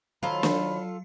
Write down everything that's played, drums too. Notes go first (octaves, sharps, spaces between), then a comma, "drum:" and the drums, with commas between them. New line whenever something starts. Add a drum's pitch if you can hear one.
D#3 F#3 F4 A4 C5 C#5 B5
drum: snare